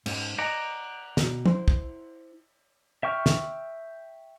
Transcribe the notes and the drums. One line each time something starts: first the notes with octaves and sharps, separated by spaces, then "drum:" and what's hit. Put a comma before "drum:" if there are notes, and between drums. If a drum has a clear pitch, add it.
G#2 C#4, drum: cymbal
D5 D#5 F#5 G#5 A#5
B2, drum: snare
E4 C5, drum: tom
drum: kick
E5 G5 C#6 F6
drum: snare